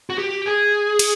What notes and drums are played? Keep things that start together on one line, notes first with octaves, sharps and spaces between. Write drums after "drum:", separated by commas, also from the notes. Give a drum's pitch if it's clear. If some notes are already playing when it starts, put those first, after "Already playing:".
F#4
G4
G#4
drum: cymbal